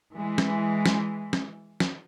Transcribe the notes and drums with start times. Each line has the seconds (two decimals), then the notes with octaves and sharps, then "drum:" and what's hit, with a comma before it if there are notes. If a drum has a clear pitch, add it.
0.14 E3 G#3
0.38 drum: snare
0.86 drum: snare
1.33 drum: snare
1.80 drum: snare